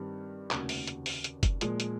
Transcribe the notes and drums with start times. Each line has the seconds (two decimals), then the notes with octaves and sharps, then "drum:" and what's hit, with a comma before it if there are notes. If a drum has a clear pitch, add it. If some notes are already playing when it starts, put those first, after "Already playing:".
Already playing: G2 D#3 G3 C4
0.51 F1 D#2 C#3 F#3, drum: clap
0.69 drum: open hi-hat
0.87 drum: hi-hat
1.06 drum: open hi-hat
1.24 drum: hi-hat
1.43 drum: kick F#1, hi-hat
1.61 A#2 F3 G#3, drum: hi-hat
1.80 drum: hi-hat